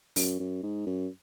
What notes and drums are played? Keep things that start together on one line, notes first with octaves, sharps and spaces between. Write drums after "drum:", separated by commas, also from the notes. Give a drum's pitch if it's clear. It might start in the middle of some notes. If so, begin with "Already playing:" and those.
F#2, drum: open hi-hat
F#2
G#2
F#2